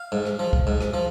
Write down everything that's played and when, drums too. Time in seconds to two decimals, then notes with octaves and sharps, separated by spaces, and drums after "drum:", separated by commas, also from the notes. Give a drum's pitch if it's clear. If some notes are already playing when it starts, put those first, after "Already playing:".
Already playing: F5
0.12 G#2
0.25 drum: rim click
0.39 F3
0.53 drum: kick
0.67 G#2
0.81 drum: rim click
0.94 F3